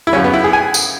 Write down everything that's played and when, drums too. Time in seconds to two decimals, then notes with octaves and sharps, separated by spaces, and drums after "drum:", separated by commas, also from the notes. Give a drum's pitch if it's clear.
0.07 E4
0.13 F#2 C#3 F#3 C#4
0.24 B3
0.33 E4
0.44 G#4
0.53 G#5
0.74 drum: tambourine